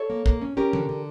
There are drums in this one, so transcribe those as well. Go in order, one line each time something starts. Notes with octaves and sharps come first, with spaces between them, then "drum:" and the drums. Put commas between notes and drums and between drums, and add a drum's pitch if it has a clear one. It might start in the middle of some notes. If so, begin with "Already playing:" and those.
Already playing: A4 C#5
A#3
A#3, drum: kick
C#4
C#4 G4 A#4
D3, drum: tom E3
D3